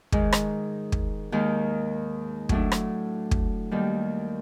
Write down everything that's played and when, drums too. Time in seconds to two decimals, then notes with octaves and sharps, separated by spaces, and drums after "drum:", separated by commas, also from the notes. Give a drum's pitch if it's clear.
0.12 G#2 D#3 G#3, drum: kick
0.33 drum: rim click
0.92 drum: kick
1.32 D#2 D#3 G#3
2.49 A2 F#3 A3 D4, drum: kick
2.72 drum: rim click
3.31 drum: kick
3.71 D#2 D#3 G3